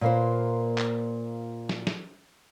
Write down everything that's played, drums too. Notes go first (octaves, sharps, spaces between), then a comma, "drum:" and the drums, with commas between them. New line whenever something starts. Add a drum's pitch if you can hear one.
A#2 A#3 F4 B4 C5
drum: clap
drum: snare
drum: snare